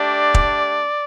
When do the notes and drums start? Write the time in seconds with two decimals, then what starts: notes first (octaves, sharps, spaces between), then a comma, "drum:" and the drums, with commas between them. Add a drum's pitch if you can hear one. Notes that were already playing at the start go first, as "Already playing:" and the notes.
Already playing: A3 D4 G4 D5
0.34 drum: kick